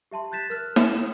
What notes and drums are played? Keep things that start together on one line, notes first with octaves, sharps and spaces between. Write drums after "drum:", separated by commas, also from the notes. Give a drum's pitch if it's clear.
G4 E5 A5 C6
F#6 G6 A6 B6 E7
A#4 F6 F#6
E4 G5 C6 D#6 G#6 E7, drum: snare